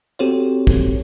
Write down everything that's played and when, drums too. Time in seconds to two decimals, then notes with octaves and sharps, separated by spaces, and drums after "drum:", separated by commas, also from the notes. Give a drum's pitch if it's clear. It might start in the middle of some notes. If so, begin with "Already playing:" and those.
0.19 C4 F#4 G4 A4 C5 C#5
0.67 drum: kick